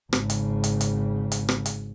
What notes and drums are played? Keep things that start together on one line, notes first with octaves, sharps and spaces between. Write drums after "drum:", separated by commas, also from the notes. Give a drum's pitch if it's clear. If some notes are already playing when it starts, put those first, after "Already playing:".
G#1 C#3, drum: rim click
drum: hi-hat
drum: hi-hat
drum: hi-hat
drum: hi-hat
drum: rim click
drum: hi-hat